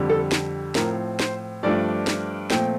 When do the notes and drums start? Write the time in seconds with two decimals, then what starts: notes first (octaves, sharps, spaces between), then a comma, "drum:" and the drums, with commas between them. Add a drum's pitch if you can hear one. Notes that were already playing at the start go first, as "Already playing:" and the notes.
Already playing: F2 D3 G3
0.10 A4
0.32 drum: snare
0.75 A2 F3 C4 A#4, drum: snare
1.19 C5, drum: snare
1.63 G2 F3 A3 D4 D5
2.07 drum: snare
2.50 A#2 F3 A3 C4 G5, drum: snare